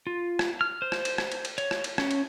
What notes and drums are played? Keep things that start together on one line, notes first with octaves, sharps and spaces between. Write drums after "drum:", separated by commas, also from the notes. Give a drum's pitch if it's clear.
F4
drum: rim click
F6
C5
drum: rim click
drum: cymbal
drum: rim click
drum: cymbal
drum: cymbal
C#5, drum: cymbal
drum: rim click
drum: cymbal
C#4, drum: rim click
drum: cymbal